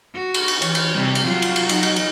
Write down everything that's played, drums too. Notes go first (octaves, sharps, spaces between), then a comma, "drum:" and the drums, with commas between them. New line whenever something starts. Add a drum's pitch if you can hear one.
F#4
drum: cymbal
drum: cymbal
E3 C#5, drum: cymbal
drum: cymbal
C3 G3
drum: cymbal
F#3 F4
drum: cymbal
drum: cymbal
D#4, drum: cymbal
drum: cymbal
drum: cymbal